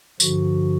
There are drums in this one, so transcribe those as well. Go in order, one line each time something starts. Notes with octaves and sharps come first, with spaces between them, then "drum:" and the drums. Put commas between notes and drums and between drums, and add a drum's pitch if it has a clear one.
G2 D3 F3 F#4, drum: tambourine